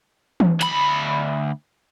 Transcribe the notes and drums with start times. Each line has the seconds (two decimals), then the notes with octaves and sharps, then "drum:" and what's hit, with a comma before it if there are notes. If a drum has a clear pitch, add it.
0.40 drum: tom E3
0.61 D2 B5, drum: hi-hat